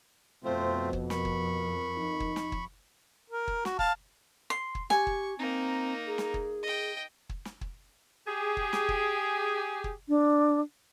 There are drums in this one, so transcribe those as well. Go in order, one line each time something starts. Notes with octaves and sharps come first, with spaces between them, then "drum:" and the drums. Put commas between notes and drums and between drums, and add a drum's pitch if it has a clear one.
F2 B2 A3 C4 F4 C5
drum: kick
A#4 B5 C#6, drum: snare
drum: kick
D#4
drum: kick
drum: snare
drum: kick
A#4
drum: kick
F#4, drum: snare
F5 A5, drum: kick
C6
drum: kick
G4 G#5 C#6, drum: snare
drum: kick
A#3 C4 D#4
G#4
drum: snare
drum: kick
D#5 G5
drum: kick
drum: snare
drum: kick
G4 G#4
drum: kick
drum: snare
drum: kick
drum: kick
D4